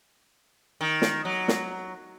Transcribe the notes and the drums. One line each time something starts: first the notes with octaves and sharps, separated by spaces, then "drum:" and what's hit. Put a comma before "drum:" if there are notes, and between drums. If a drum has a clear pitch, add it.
D#3
drum: snare
F#3
drum: snare